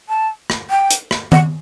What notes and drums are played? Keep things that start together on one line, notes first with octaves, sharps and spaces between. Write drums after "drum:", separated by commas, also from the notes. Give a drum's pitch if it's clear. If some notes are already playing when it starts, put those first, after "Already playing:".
A5
drum: rim click
G5
drum: hi-hat
drum: rim click
F#5, drum: tom D#3